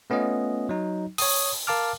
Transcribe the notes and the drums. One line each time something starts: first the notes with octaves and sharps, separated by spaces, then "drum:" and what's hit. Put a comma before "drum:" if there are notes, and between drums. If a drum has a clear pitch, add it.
A3 B3 C#4 F4 D#5
F#3 D#4
C#5 D#6, drum: open hi-hat
A#4 F5 A5 D6 F6